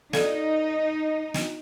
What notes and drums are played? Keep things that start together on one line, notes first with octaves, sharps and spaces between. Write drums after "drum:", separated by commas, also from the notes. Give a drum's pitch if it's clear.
D#4 A4 D5 F5, drum: snare
drum: snare